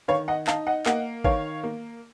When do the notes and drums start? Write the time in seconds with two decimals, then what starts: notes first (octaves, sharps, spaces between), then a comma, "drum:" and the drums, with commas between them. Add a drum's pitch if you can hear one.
0.08 D#3 C#5 F5
0.28 D#5 F#5
0.47 D#4 F5 A5, drum: clap
0.67 D#5 F#5
0.86 A#3 D#5 F#5, drum: clap
1.24 D#3 C#5 F5, drum: kick
1.63 A#3